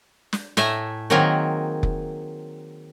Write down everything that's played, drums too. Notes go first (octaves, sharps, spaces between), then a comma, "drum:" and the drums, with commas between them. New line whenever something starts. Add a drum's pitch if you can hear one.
drum: snare
A2 A3 E5 G#5 A#5, drum: snare
D#3 F#3 A#3 C4 G#4 A#4
drum: kick F1